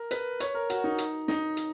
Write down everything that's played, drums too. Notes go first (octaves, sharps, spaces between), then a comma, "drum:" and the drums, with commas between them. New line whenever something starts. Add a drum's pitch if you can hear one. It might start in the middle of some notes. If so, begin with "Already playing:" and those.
Already playing: A#4
B4, drum: hi-hat
C#5, drum: hi-hat
A#4
F#4, drum: hi-hat
D#4
drum: hi-hat
D#4, drum: snare
drum: hi-hat